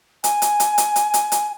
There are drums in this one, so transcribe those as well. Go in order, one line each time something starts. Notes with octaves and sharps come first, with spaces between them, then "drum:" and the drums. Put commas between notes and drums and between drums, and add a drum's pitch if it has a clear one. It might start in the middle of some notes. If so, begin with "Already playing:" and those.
G#5, drum: hi-hat
drum: hi-hat
drum: hi-hat
drum: hi-hat
drum: hi-hat
drum: hi-hat
drum: hi-hat